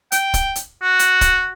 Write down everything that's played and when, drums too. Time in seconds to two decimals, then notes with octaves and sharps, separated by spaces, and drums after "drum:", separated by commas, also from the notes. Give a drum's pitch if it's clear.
0.12 G5, drum: hi-hat
0.34 drum: kick, hi-hat
0.56 drum: hi-hat
0.81 F#4
0.99 drum: hi-hat
1.21 drum: kick, hi-hat